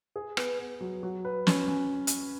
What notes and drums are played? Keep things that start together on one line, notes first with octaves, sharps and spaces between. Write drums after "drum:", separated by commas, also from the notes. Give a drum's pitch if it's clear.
G#4
B3, drum: rim click
B3
F#3
F#3
B4
C#4, drum: snare
C#4
drum: hi-hat